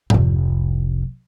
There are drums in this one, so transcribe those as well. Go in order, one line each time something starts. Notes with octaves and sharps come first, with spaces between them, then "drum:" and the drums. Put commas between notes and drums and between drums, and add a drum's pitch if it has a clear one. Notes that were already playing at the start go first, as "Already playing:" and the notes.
F1 C2, drum: tom G#2